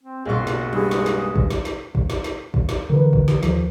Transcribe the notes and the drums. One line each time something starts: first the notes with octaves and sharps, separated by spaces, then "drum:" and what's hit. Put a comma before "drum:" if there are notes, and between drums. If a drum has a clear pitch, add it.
C4
F#1 B1 G#3 F4 F#4 C#6
drum: snare
G2 G#3
drum: snare
drum: snare
drum: kick
drum: snare
drum: snare
drum: kick
drum: snare
drum: snare
drum: kick
drum: snare
D3 E3 A#4 B4
drum: kick
drum: snare
D#2 F3, drum: snare